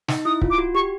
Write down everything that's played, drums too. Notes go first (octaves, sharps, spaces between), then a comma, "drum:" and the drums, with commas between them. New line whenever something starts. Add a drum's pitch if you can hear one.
D#4, drum: snare
E4 D#6
F4, drum: kick C#1
D6
F#4
G4 C#6